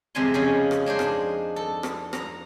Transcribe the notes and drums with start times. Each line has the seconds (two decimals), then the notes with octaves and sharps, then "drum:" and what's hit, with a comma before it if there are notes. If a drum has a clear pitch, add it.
0.15 F2 C3 G#3 E5 G#5 C6
0.34 C#3 F3 C#4 G#4 G#5
0.71 drum: rim click
0.86 G#3 D4 D#4 C5
0.99 drum: rim click
1.56 A4
1.83 drum: rim click
2.13 A#5, drum: rim click